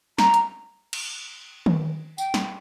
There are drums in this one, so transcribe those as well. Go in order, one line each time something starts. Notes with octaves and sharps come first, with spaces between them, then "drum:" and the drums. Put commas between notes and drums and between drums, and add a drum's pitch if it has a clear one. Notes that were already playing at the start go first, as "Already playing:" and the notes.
A#5, drum: snare
drum: hi-hat
drum: cymbal
drum: tom D#3
G5, drum: tambourine
drum: snare